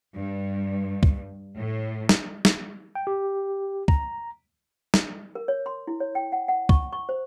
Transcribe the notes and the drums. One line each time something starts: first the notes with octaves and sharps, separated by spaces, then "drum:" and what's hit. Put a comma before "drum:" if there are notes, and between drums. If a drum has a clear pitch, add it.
G2
drum: kick
A2
drum: snare
drum: snare
G5
G4
A#5, drum: kick
drum: snare
A#4
C#5
C6
E4
C#5
G5
F#5
F#5
C#6, drum: kick
C#6
C5